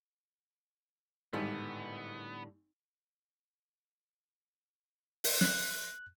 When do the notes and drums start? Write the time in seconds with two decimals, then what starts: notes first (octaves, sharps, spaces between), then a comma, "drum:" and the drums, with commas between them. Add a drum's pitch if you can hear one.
1.33 G#1 A2 D3 G3 B3
5.24 drum: open hi-hat
5.41 F#6, drum: snare